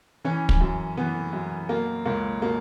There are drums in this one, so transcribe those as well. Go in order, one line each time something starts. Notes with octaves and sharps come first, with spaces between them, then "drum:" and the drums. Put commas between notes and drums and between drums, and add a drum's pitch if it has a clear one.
E3 C#4
drum: kick
F#2
E3 B3
F#2
B2 A#3
C#2 A#3
B2 A#3